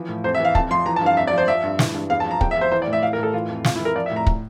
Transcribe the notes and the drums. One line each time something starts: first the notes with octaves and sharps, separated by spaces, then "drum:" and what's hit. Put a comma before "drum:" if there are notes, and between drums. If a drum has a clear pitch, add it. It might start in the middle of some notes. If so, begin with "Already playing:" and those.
Already playing: E3 F3
A2
F2 C5
E5
E3 F5
F2 A5, drum: kick
F3 C6
E3 A#5
A5
G2
F5
F2 E5
D5
F3 C5
F3 E5
G2
E3, drum: snare
G2
E2 F5
A5
F3
A#5
E2 G5, drum: kick
E5
F3
C5
E3 C5
D5
A2
E5
E3 F5
A#4
A2 A4
E3 F4
F2
F2 F4, drum: snare
E4
E3
A#4
F3 D5
E5
A2
A#5
drum: kick